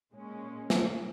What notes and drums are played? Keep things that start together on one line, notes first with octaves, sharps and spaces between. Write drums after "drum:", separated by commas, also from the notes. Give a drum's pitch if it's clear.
A#2 G#3 C#4
drum: snare